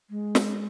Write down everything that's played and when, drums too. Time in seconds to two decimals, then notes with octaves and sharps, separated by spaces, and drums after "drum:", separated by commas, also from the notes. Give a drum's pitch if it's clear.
0.10 G#3
0.35 drum: snare